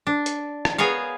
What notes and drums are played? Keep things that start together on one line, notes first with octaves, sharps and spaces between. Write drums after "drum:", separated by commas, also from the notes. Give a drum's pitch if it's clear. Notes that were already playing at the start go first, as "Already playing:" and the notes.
D4
drum: hi-hat
drum: rim click
B3 G#4 A#4 C#5 F5